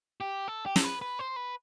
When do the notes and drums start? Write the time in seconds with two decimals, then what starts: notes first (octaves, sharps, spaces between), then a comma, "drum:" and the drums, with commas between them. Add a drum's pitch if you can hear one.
0.21 G4
0.48 A4
0.66 G4
0.76 A4, drum: snare
0.84 B4
1.02 B4
1.19 C5
1.36 B4